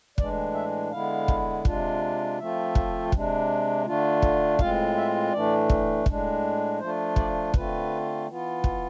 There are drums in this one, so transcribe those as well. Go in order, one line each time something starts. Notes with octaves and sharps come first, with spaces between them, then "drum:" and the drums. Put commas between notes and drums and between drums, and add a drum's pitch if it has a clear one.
A2 E3 G#3 D4 D5, drum: kick
E5
D3 G#3 B3 E4 F5
drum: kick
C3 G#3 D4 F4, drum: kick
F3 A3 C4 F4 E5
drum: kick
C3 G#3 D4, drum: kick
D3 A3 D4 F4
drum: kick
A2 G#3 C4 F4 F5, drum: kick
E5
A2 E3 A3 D4 D5
drum: kick
A2 G#3 D4, drum: kick
F3 A3 D4 F4 C5
D5, drum: kick
D3 A3 C4 F4 B4, drum: kick
E3 B3 F4
drum: kick